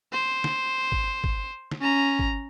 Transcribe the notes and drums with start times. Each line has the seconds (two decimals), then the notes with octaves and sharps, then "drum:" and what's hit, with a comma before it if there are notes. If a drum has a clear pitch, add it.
0.12 C5
0.44 drum: snare
0.92 drum: kick
1.24 drum: kick
1.71 drum: snare
1.81 C#4 A#5
2.19 drum: kick